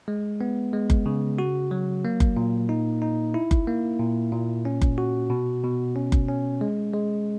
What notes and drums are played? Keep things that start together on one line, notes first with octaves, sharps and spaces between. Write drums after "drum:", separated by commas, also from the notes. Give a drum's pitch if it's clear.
G#3
B3
G#3
drum: kick F#1
C#3
F#4
F#3
A#3
drum: kick F#1
A#2
D#4
D#4
E4
drum: kick F#1
A#3
A#2
A#2
C#4
drum: kick F#1
F#4
B2
B2
C#4
drum: kick F#1
C#4
G#3
G#3